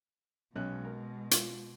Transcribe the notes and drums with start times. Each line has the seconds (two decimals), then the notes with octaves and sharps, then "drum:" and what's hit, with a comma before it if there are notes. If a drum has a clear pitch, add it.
0.56 B1 B2 G#3 C#4 F#6
0.85 A#4
1.31 F4, drum: hi-hat